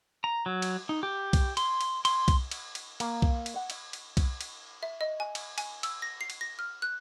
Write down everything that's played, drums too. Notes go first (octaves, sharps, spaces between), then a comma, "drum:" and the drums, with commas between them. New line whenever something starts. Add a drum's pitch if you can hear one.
A#5
F#3
drum: cymbal
D#4
G4
drum: kick B1, cymbal
C6, drum: cymbal
drum: cymbal
C6, drum: cymbal
drum: kick B1, cymbal
drum: cymbal
drum: cymbal
A#3, drum: cymbal
drum: kick B1
drum: cymbal
F#5
drum: cymbal
drum: cymbal
drum: kick B1, cymbal
drum: cymbal
E5
D#5
G#5
drum: cymbal
G#5, drum: cymbal
E6, drum: cymbal
A#6
C7
drum: cymbal
A#6
F6
F#6